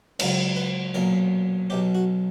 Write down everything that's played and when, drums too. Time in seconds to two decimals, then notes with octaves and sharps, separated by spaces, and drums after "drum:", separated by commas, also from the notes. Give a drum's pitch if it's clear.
0.19 C#2 C#3 F#3 A#4, drum: cymbal
0.56 B4
0.94 B1 A#2 F#3 A#4
1.70 B1 B2 F#3 G4
1.95 F#4